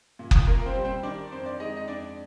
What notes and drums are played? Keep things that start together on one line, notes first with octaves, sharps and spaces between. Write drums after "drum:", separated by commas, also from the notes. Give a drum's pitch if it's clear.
A#2
drum: kick F#1
A#2 A#3 A#4
C4 C5
G3
C4 C5
D#3 D4 D5
F2 C5
D5
G#3 D#4 D#5
D#5
F2 D4 D5